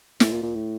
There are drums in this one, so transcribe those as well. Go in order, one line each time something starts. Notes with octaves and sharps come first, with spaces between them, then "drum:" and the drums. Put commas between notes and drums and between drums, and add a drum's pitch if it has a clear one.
A2, drum: snare
A#2
A#2
A2